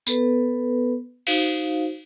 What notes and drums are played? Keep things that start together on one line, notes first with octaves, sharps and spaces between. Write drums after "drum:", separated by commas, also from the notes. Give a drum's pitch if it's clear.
B3 A4 B4, drum: tambourine
D#4 F#4 C5 F5, drum: cymbal